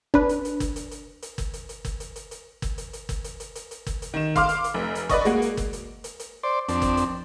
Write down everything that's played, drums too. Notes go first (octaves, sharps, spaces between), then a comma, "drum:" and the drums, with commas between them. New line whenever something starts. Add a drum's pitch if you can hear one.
D4 B4, drum: kick
drum: hi-hat
drum: hi-hat
drum: kick, hi-hat
drum: hi-hat
drum: hi-hat
drum: hi-hat
drum: kick, hi-hat
drum: hi-hat
drum: hi-hat
drum: kick, hi-hat
drum: hi-hat
drum: hi-hat
drum: hi-hat
drum: kick, hi-hat
drum: hi-hat
drum: hi-hat
drum: kick, hi-hat
drum: hi-hat
drum: hi-hat
drum: hi-hat
drum: hi-hat
drum: kick, hi-hat
drum: hi-hat
D#3 E7
F5 C6 D6 F6, drum: kick, hi-hat
drum: hi-hat
drum: hi-hat
F1
drum: hi-hat
B4 D5 D#5 C#6, drum: kick, hi-hat
G#3 A#3 F#4, drum: hi-hat
drum: hi-hat
drum: kick, hi-hat
drum: hi-hat
drum: hi-hat
drum: hi-hat
C5 D5
F2 C4 D4, drum: hi-hat
drum: kick, hi-hat
drum: hi-hat